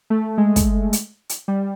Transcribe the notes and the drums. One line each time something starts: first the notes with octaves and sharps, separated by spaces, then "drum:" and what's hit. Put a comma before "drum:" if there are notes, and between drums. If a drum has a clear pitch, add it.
A3
G#3
drum: kick, hi-hat
drum: hi-hat
drum: hi-hat
G3